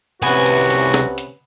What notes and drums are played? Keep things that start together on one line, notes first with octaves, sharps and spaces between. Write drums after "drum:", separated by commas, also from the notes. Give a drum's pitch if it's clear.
C2 C3 B3 C#4 F#4 B4 F#5 G#5, drum: hi-hat
drum: hi-hat
drum: hi-hat
drum: snare
drum: hi-hat